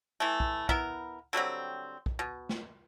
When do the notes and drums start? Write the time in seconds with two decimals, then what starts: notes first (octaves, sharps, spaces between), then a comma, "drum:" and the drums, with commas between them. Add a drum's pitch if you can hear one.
0.20 E3 A3
0.40 drum: kick
0.69 B3 E4 A#4, drum: kick
1.33 D3 F#3 G3 C4
2.06 drum: kick
2.19 B2
2.49 drum: snare